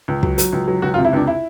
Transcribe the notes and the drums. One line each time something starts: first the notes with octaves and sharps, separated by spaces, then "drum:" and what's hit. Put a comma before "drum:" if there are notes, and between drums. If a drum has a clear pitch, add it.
C#2
F#3, drum: kick
F#3, drum: hi-hat
C#2
F#3
C#2 F#4
F4
C3
E4
C#2 D4
E4